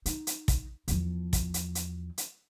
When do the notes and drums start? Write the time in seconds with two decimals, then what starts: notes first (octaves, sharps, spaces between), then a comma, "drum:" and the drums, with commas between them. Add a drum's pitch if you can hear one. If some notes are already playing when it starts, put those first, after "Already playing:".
0.06 D#4, drum: hi-hat
0.27 drum: hi-hat
0.48 drum: kick, hi-hat
0.88 E2 F3, drum: hi-hat
1.33 drum: kick, hi-hat
1.54 drum: hi-hat
1.75 drum: hi-hat
2.18 drum: hi-hat